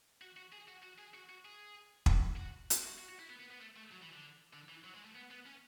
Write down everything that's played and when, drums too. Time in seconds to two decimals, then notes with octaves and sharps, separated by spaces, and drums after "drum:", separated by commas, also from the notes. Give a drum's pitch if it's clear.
0.21 F#4
0.37 F#4
0.52 G#4
0.68 F#4
0.83 F#4
0.98 G#4
1.14 F#4
1.29 F#4
1.45 G#4
2.06 drum: kick
2.37 F#4
2.70 drum: hi-hat
2.84 F#4
2.98 F#4
3.09 F#4
3.19 E4
3.30 B3
3.40 B3
3.50 B3
3.61 A3
3.76 A3
3.92 F#3
4.02 E3
4.13 D3
4.53 D3
4.69 E3
4.84 F#3
4.95 G#3
5.05 A3
5.15 B3
5.30 B3
5.46 C#4